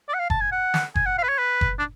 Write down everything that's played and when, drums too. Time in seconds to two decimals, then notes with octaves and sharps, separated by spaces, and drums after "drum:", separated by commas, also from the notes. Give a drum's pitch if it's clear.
0.09 D5
0.14 F#5
0.19 F5
0.30 A5, drum: kick F#1
0.40 G#5
0.52 F#5
0.74 drum: snare
0.95 G#5, drum: kick F#1
1.06 F#5
1.18 F5
1.23 B4
1.29 C#5
1.39 B4
1.61 drum: kick F#1
1.79 D4